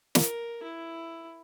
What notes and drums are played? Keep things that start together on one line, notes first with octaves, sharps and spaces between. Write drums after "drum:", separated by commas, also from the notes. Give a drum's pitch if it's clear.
A#4, drum: snare
E4